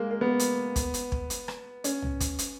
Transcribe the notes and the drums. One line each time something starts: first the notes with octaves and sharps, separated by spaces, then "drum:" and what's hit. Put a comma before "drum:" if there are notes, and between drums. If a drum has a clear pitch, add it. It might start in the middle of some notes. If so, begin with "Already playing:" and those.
Already playing: G#3 A#3
A#3
B3
drum: hi-hat
drum: kick, hi-hat
drum: hi-hat
drum: kick
drum: hi-hat
drum: rim click
C#4, drum: hi-hat
drum: tom C2
drum: kick, hi-hat
drum: hi-hat